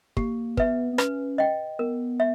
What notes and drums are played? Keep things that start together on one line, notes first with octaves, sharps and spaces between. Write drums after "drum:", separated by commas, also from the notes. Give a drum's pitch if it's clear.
A#3 G4, drum: kick
B3 B4 E5, drum: kick
B3
C#4 B4, drum: rim click
D#5 G5
B3 A#4
E5